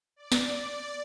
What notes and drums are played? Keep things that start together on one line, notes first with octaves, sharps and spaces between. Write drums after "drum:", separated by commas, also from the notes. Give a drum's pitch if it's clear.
D5
drum: snare